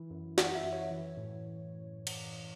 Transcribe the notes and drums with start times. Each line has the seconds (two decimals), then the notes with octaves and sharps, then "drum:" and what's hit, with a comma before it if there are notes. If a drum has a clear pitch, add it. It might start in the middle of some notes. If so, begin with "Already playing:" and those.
Already playing: E3 E4
0.10 F#2
0.38 E3 F#5, drum: snare
0.55 E5
0.63 F#2
0.73 C#5
0.91 E3
1.17 A2
2.07 drum: cymbal